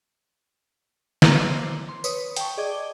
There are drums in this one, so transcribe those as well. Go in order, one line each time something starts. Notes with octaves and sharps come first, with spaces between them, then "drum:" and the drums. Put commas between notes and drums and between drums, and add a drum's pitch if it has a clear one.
A#4 B4 A#5 C6 D6 E6, drum: snare
C5
C6
B4 C#5 D#6, drum: tambourine
G5 A5 C#6, drum: hi-hat
G#4 D5 D#5 D6 G#6 G7